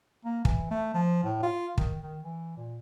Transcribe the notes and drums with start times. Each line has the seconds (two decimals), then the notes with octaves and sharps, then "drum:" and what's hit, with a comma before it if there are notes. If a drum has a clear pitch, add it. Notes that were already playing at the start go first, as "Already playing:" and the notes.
0.25 A#3
0.45 E3, drum: kick
0.71 A3
0.94 F3
1.24 A2
1.43 F4
1.78 D#3, drum: kick
2.01 D#3
2.23 E3
2.57 A#2